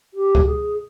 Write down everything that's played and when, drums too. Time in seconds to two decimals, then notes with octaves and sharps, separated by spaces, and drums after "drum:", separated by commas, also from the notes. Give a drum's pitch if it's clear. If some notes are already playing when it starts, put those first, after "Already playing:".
0.14 G4
0.35 drum: kick C#2
0.46 G#4